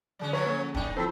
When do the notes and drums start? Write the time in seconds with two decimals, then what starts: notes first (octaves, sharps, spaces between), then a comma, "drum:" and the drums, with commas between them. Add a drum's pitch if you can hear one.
0.19 D3 F#3 G#3 C#4 D5
0.33 F3 F#3 G#3 B4 C#5
0.46 A#3 C#4 A4
0.75 D#3 D4 D#4 G5, drum: kick
0.97 F3 C4 E4 F4 A4 C5